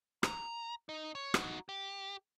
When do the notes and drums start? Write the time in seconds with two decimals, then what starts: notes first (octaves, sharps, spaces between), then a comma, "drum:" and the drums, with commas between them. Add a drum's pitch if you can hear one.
0.23 A#5, drum: rim click
0.89 D#4
1.15 C#5
1.34 D#4 F#4, drum: rim click
1.69 G4